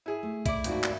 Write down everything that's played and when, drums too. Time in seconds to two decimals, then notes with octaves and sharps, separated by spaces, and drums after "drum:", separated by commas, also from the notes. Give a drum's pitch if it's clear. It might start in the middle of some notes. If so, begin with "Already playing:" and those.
0.06 E4 G#4
0.23 A3
0.46 E4 D5, drum: kick B1, hi-hat
0.64 G#1 D#2 D#3 F#4, drum: hi-hat
0.83 drum: clap